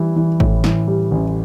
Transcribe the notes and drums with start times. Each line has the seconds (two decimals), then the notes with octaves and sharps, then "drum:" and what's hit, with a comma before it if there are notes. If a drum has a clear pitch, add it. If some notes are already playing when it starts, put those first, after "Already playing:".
Already playing: E3 G3
0.16 E3
0.40 A2, drum: kick
0.64 E3, drum: snare
0.87 G3
1.11 A1